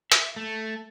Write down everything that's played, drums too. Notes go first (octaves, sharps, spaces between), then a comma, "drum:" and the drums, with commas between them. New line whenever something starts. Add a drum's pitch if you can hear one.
E5, drum: hi-hat
A3